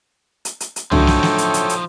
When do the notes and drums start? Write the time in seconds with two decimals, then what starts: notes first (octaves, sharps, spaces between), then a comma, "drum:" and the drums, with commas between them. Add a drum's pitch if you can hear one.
0.45 drum: hi-hat
0.60 drum: hi-hat
0.76 drum: hi-hat
0.92 A2 D3 F3 F#3 D#4 A4 C#5 G5, drum: tom C2
1.07 drum: snare
1.23 drum: snare
1.38 drum: hi-hat
1.54 drum: hi-hat
1.69 drum: hi-hat